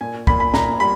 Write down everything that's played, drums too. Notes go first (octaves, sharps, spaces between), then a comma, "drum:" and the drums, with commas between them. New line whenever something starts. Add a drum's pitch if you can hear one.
A#2 G#5
A#2 B5, drum: kick
B5
A#2 A#5, drum: snare
G3 B5